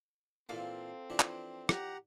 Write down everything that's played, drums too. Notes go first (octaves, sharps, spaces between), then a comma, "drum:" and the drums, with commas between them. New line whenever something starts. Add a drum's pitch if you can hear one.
A#2 E3 A#3 C4 F4 A4 F5
E3 F3 D4
drum: clap
G4 F#5 A#5, drum: rim click